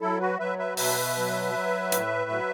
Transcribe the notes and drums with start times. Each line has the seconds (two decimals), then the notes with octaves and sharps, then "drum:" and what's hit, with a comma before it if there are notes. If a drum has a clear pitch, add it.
0.01 F#3 E4 A4
0.20 F#4 B4
0.39 F#3 B4 E5
0.58 B4 E5
0.77 B2 B4 E5, drum: open hi-hat
1.16 F#3
1.54 F#3
1.92 A2, drum: hi-hat
2.30 F#3